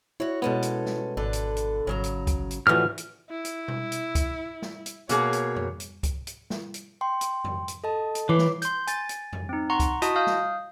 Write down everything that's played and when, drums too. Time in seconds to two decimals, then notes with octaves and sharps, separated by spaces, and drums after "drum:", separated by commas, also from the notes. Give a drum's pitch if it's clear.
0.20 E4 F#4 C#5
0.42 B2 G#3 B3 C#4 A4
0.62 drum: hi-hat
0.86 drum: snare
1.17 G#1 D3 A4 B4
1.33 drum: hi-hat
1.56 drum: hi-hat
1.87 G#1 C#3 F#3 A#5
2.04 drum: hi-hat
2.27 drum: kick C#2, hi-hat
2.51 drum: hi-hat
2.67 D2 A2 E3 F3 F#4 F6
2.98 drum: hi-hat
3.30 E4
3.45 drum: hi-hat
3.68 drum: tom B2
3.92 drum: hi-hat
4.15 drum: kick C#2, hi-hat
4.62 drum: snare
4.86 drum: hi-hat
5.09 B2 A#3 G#4 C#5, drum: hi-hat
5.33 drum: hi-hat
5.56 drum: tom F2
5.80 drum: hi-hat
6.03 drum: kick C#2, hi-hat
6.27 drum: hi-hat
6.50 drum: snare
6.74 drum: hi-hat
7.01 G5 C6
7.21 drum: hi-hat
7.44 drum: tom F2
7.68 drum: hi-hat
7.84 A4 D#5 A5
8.15 drum: hi-hat
8.29 E3 C#5 D6 C7
8.39 drum: snare
8.62 C6 G6, drum: hi-hat
8.87 G#5 A6, drum: hi-hat
9.09 drum: hi-hat
9.33 drum: tom F2
9.49 C4 D#4
9.70 F#5 A#5 C6 C#6
9.80 drum: kick C#2, hi-hat
10.02 E4 F#4 D#5 A5 D#6, drum: hi-hat
10.16 F5 D#6 F6 G6
10.27 drum: snare